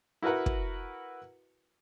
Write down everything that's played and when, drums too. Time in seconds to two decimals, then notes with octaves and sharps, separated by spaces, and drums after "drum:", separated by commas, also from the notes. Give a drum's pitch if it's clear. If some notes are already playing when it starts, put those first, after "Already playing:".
0.23 E4 F#4 A#4 B4 F#5
0.46 drum: kick